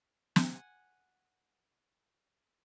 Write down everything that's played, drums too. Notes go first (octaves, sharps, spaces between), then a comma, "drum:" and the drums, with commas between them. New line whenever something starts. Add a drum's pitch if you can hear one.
F#5 G#5, drum: snare